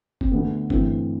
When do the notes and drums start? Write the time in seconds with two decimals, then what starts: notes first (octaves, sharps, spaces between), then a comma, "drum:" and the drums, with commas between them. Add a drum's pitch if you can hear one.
0.21 C4, drum: kick F#1
0.31 D2 D3 A3 B3
0.70 G2 E3 A3 C4, drum: kick F#1